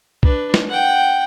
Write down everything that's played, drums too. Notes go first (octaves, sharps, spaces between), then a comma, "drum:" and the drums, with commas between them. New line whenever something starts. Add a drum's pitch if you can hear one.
D4 B4, drum: kick
drum: snare
F#5 G5